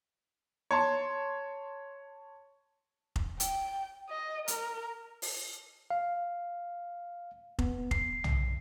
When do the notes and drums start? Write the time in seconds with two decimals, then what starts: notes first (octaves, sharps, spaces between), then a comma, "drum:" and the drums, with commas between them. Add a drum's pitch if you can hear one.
0.71 C#5 A5 C6
3.16 drum: kick
3.40 G5, drum: hi-hat
4.09 D#5
4.48 A#4, drum: hi-hat
5.22 drum: open hi-hat
5.90 F5
7.59 B3, drum: kick
7.91 C7, drum: kick
8.24 drum: tom